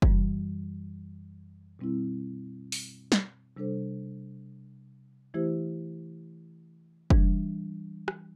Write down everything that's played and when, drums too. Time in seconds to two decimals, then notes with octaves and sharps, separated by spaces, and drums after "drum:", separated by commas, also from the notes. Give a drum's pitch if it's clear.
0.02 F#2 E3 G3, drum: kick
1.79 B2 G3 C4 E4
2.72 drum: open hi-hat
3.12 drum: snare
3.57 C3 G3 D4 A4 C5
5.34 E3 A3 E4 G4 C5
7.10 E3 G3 D4, drum: kick
8.08 drum: rim click